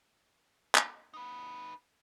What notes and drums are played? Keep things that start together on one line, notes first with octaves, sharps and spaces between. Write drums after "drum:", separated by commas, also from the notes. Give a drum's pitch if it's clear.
drum: clap
D#4 B4